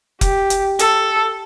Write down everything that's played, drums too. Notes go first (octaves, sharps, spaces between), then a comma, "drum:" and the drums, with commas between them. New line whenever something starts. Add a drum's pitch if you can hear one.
G4, drum: kick F1, hi-hat
drum: hi-hat
A4, drum: hi-hat